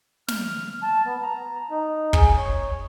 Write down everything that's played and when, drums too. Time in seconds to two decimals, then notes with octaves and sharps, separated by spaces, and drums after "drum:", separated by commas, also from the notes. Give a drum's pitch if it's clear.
0.28 F6, drum: snare
0.83 A5
1.05 B3
1.23 A#5
1.71 D#4
2.13 G#4, drum: kick
2.37 C#5